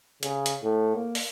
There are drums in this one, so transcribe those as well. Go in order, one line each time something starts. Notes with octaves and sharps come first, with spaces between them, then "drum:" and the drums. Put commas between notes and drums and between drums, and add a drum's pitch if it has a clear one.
C#3, drum: hi-hat
drum: hi-hat
A2
A#3
drum: open hi-hat